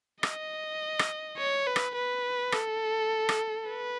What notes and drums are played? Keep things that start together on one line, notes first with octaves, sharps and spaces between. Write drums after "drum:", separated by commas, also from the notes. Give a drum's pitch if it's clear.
D#5, drum: rim click
drum: rim click
C#5
B4
drum: rim click
B4
A4, drum: rim click
drum: rim click
B4